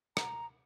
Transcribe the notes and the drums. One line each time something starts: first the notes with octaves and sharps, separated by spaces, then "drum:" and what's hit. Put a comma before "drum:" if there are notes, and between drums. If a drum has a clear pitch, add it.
A#5, drum: rim click